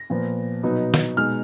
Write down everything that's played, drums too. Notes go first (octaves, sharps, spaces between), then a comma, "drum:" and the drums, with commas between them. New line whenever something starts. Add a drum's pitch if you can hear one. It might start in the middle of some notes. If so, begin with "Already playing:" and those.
Already playing: A#6
A#2 F3 B3
B2 F#3 B3 D#4
drum: snare
B2 G#3 D#4 F6